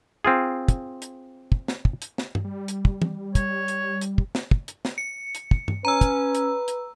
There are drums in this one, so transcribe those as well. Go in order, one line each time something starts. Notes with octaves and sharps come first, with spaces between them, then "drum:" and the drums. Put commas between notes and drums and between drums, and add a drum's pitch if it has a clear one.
C4 F4 G#4
drum: kick, hi-hat
drum: hi-hat
drum: kick
drum: snare
drum: kick
drum: hi-hat
drum: snare
drum: tom G2
G3
drum: hi-hat
drum: kick
drum: tom E3
C#5, drum: kick, hi-hat
drum: hi-hat
drum: hi-hat
drum: kick
drum: snare
drum: kick
drum: hi-hat
drum: snare
C#7
drum: hi-hat
drum: kick
drum: tom G2
C#4 B4 A#5 E6
drum: kick, hi-hat
drum: hi-hat
drum: hi-hat